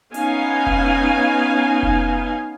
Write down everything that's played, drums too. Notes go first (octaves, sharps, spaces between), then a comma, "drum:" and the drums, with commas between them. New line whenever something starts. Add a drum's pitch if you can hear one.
B3 C#4 D#4 F5 G#5, drum: hi-hat
drum: kick F1
drum: kick F1